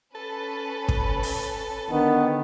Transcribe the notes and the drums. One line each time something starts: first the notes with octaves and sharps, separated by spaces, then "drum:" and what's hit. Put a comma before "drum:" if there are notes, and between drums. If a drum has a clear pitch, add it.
C#4 A4 B4
drum: kick
drum: open hi-hat
D3 D#3 B3